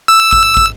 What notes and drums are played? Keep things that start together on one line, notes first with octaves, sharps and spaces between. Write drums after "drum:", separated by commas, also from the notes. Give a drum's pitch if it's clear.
E6
drum: kick
drum: kick